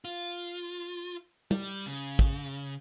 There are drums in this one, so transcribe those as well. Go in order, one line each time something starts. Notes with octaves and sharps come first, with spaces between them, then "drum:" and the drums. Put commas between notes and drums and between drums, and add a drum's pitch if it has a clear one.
F4
G3, drum: tom
C#3
drum: kick